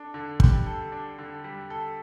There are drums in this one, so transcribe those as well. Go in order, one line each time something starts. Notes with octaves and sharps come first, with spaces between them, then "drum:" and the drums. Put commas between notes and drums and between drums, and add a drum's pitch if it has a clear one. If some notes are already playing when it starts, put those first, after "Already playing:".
Already playing: D4 A4
D3
G3, drum: kick
A4
D4
D3
G3
A4